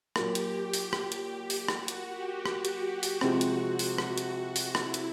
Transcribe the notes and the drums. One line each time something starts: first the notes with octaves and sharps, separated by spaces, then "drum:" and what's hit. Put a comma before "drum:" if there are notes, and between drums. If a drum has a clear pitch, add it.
A#2 F#3 A#3 G4, drum: rim click
drum: hi-hat
drum: open hi-hat
G4, drum: rim click
drum: hi-hat
drum: open hi-hat
F#4, drum: rim click
drum: hi-hat
G4
drum: rim click
drum: hi-hat
drum: open hi-hat
C3 F3 G#3 C4 F#4, drum: rim click
drum: hi-hat
drum: open hi-hat
drum: rim click
drum: hi-hat
drum: open hi-hat
E4, drum: rim click
drum: hi-hat